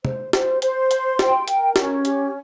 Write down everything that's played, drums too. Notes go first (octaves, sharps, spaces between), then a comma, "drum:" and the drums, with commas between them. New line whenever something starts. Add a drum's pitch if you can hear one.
C5, drum: tom
C5, drum: snare
C5, drum: hi-hat
C6, drum: hi-hat
G5, drum: snare
A#4, drum: hi-hat
C#4, drum: snare
G4, drum: hi-hat